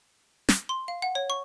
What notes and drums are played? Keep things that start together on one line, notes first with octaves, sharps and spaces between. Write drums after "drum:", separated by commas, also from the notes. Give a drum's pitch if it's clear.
drum: snare
C6
F5
F#5
C#5
C#6